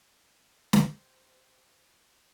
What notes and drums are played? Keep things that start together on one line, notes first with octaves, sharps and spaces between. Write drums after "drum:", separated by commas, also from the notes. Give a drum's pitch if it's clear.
G4 C5, drum: snare